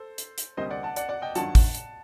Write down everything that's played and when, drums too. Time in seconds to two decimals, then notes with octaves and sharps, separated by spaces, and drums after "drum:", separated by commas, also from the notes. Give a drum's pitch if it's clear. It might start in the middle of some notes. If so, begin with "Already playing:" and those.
Already playing: A4 C5
0.18 drum: hi-hat
0.38 drum: hi-hat
0.57 D2 C3 G3 A#3 C5 D#5
0.70 D5 F#5
0.83 F#5 A5
0.96 D5 F#5, drum: hi-hat
1.09 D5 F#5
1.22 D#5 G5
1.35 G2 D#3 F#3 F#5 A5, drum: hi-hat
1.55 drum: kick, open hi-hat
1.75 drum: hi-hat